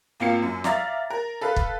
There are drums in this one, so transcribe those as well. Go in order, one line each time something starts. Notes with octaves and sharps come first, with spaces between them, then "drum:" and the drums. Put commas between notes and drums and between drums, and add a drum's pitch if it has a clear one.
G#1 A#3 C4 F4 C7 C#7
F#2
D5 E5 F5 A#5 F6 A6, drum: snare
A#4
A4 B4 F5
drum: kick